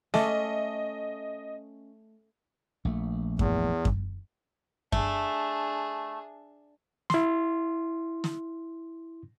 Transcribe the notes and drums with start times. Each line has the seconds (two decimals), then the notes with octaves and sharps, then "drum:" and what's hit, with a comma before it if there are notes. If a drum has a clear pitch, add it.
0.14 A3 C#4 D#5 E5 A5 D6, drum: snare
2.85 A#1 A3
3.39 E2, drum: kick F#2
3.85 drum: kick F#2
4.92 A3 D4 G#4, drum: kick F#2
7.10 E4 C6, drum: snare
8.24 drum: snare